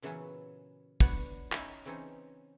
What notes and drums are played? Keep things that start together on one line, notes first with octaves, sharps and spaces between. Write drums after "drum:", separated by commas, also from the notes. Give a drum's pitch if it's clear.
A#2 C#3 E3 F#3 B3 C#4
B3 D4 F#4 C#5 D5, drum: kick
C#4 D#4 E4 A#4, drum: clap
C#3 E3 C4 C#4 D#4